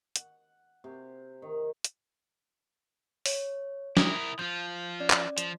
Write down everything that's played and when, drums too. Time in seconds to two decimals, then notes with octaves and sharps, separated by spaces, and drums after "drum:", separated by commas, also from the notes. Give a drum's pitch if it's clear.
0.16 F#5, drum: hi-hat
0.84 C3
1.42 D#3
1.84 drum: hi-hat
3.26 C#5, drum: open hi-hat
3.97 E4 A#4 D#6, drum: snare
4.39 F3 F4 G6
5.00 C#4 D5
5.10 drum: clap
5.38 F3, drum: hi-hat